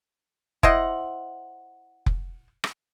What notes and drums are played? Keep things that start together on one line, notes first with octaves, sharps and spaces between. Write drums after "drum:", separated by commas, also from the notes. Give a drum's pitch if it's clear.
E4 C5 D#5 F#5, drum: kick F1
drum: kick F1
drum: rim click